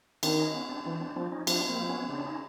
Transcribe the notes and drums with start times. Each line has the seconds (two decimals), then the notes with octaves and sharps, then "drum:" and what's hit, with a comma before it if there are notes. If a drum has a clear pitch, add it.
0.23 D#3 C4 D4, drum: cymbal
0.38 C#4 D#4
0.54 B3 C#4
0.69 C4 D4
0.85 E3 C4 D4
1.01 C4 D4
1.16 F3 C4 D4
1.32 C#4 D#4
1.47 F3 C4 D4, drum: cymbal
1.69 A#3 C4
1.79 F3
1.89 B3 C#4
2.10 C#3 C4 D4
2.26 C#4 D#4